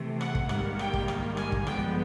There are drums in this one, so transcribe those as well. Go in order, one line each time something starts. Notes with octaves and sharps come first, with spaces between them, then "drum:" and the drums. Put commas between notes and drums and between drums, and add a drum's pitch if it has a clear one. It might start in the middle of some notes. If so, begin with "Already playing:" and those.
Already playing: C3 E3 A3
F#5, drum: rim click
drum: kick
G#2 D#3 G3 A#3 F#5, drum: rim click
G5, drum: rim click
drum: kick
drum: rim click
G#5, drum: rim click
drum: kick
G2 D3 F3 G#3 B3 G5, drum: rim click